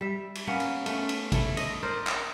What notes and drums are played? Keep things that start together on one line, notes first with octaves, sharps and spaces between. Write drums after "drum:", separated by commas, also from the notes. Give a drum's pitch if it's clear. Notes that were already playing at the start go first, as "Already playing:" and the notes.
G3 E5
drum: cymbal
A#3 B3 C#4
drum: cymbal
A3 C#4, drum: cymbal
drum: cymbal
E4 A4, drum: kick G#1, cymbal
D#5, drum: cymbal
A#4 C5 D5
drum: clap